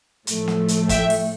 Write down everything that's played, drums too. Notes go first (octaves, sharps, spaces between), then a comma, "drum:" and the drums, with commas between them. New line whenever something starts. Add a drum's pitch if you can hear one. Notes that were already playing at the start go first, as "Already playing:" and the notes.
A2 F3 A3, drum: hi-hat
drum: snare
drum: hi-hat
E5 G5, drum: kick, hi-hat
drum: open hi-hat